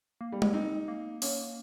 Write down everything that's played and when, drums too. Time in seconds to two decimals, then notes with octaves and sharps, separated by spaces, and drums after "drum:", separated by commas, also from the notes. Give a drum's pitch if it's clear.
0.21 A#3
0.32 G3
0.42 drum: tom
0.54 C4 D#4
0.88 A#3
1.22 A#3 C#4, drum: open hi-hat